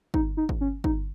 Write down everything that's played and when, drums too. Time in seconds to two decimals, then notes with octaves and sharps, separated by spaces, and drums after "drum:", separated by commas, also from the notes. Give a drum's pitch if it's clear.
0.14 D#4, drum: kick
0.37 D#4
0.49 drum: kick
0.61 C#4
0.84 D#4, drum: kick